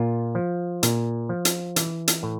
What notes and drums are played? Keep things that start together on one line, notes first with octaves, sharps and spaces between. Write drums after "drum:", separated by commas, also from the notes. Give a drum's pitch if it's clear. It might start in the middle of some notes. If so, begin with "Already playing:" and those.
Already playing: A#2 F4
F3
A#2, drum: hi-hat
F3
drum: hi-hat
E3, drum: hi-hat
drum: hi-hat
A2